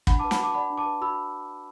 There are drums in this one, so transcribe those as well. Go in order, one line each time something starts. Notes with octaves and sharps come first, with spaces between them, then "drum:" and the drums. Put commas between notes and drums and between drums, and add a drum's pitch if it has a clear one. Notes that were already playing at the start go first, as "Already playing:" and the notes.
D4 F#5 B5, drum: kick
A5 D6
B4
F#5 B5, drum: snare
F#4 A5 D6
D5 F#5 B5
D4
A5 D6
B4
F#4 B5 E6